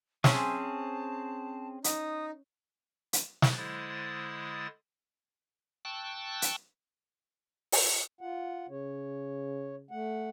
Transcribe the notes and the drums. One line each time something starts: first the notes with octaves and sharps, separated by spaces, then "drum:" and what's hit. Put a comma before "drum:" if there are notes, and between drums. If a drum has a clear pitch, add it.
C4 C#4 G#4 C5 E5 A5, drum: snare
D#4 D#6, drum: hi-hat
drum: hi-hat
drum: snare
D3 G#3 E4 C5 D#6 A6
G5 A5 C#6 E6 F#6
drum: hi-hat
drum: open hi-hat
F4 F#5
C#3 C#5
A3 F#5